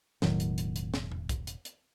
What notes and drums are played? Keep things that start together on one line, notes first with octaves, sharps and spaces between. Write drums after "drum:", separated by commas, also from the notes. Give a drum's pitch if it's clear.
E1 A2 D#3 F#3, drum: snare
drum: hi-hat
drum: hi-hat
drum: hi-hat
drum: snare
drum: tom E2
drum: kick, hi-hat
drum: hi-hat
drum: hi-hat